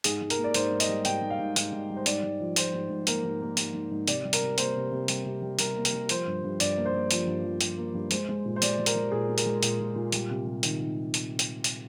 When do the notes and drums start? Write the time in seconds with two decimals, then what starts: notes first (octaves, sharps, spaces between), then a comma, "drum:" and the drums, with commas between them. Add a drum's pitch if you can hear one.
0.04 G#2 G#4, drum: hi-hat
0.22 G#2
0.30 A#4, drum: hi-hat
0.38 A#3
0.44 D5
0.54 G#2 C5, drum: hi-hat
0.72 G#2
0.80 D#5, drum: hi-hat
0.88 G3
1.05 G#2 G5, drum: hi-hat
1.22 G#2
1.30 F5
1.39 G#2
1.56 G#2, drum: hi-hat
1.72 G#2
1.90 G3
1.97 C5
2.06 G#2 D5, drum: hi-hat
2.23 G#2
2.40 F3
2.56 F3 C5, drum: hi-hat
2.74 G#2
2.90 G#2
3.07 A#3 A#4, drum: hi-hat
3.24 G#2
3.41 A#3
3.57 G#2, drum: hi-hat
3.74 G#2
3.91 G#2
4.08 C3 D5, drum: hi-hat
4.24 G3
4.33 A#4, drum: hi-hat
4.42 C3
4.58 A#3 C5, drum: hi-hat
4.76 C3
4.91 C3
5.08 G3, drum: hi-hat
5.26 C3
5.42 G3
5.59 G3 A#4, drum: hi-hat
5.76 A#3
5.85 A#4, drum: hi-hat
5.93 G3
6.09 F3 C5, drum: hi-hat
6.27 G2
6.44 G2
6.60 G2 D5, drum: hi-hat
6.77 A#3
6.85 C5
6.93 A#3
7.11 F3, drum: hi-hat
7.27 G2
7.44 F3
7.61 F3, drum: hi-hat
7.78 A#3
7.94 G2
8.11 G#3 C5, drum: hi-hat
8.29 G#3
8.45 A#2
8.56 C5
8.62 G#3 D5, drum: hi-hat
8.79 G#3
8.86 A#4, drum: hi-hat
8.95 G#3
9.12 A#2 G#4
9.29 G#3
9.38 A#4, drum: hi-hat
9.46 G#3
9.63 A#2, drum: hi-hat
9.80 A#2
9.96 A#2
10.12 G3, drum: hi-hat
10.30 C3
10.46 G3
10.63 D#3, drum: hi-hat
10.80 D#3
11.14 drum: hi-hat
11.39 drum: hi-hat
11.64 drum: hi-hat